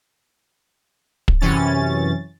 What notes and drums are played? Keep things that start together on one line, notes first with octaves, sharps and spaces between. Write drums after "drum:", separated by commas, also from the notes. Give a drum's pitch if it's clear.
drum: kick
F#2 C3 E3 C#4 A6